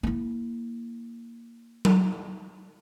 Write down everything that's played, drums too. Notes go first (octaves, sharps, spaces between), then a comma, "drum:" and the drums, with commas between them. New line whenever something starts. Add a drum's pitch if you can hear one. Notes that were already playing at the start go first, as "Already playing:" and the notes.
A#3 E4
drum: tom F#3